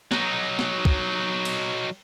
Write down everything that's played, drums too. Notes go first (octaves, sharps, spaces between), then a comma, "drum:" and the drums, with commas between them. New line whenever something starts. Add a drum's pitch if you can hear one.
F#3 D#4, drum: snare
drum: snare
drum: kick
drum: cymbal